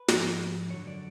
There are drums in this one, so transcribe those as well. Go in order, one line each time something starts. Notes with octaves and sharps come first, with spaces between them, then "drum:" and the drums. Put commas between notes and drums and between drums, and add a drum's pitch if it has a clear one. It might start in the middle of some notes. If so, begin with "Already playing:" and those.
Already playing: B4
G#2 F3, drum: snare
F#2 D3 F#3 C#5
D5